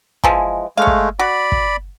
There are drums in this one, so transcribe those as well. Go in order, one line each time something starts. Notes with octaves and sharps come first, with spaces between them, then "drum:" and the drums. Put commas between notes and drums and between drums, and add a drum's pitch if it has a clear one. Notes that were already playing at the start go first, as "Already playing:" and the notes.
E3 F3 G#3, drum: kick
G#3 A3 C#5 F5
drum: kick
F#4 D5 B5
drum: kick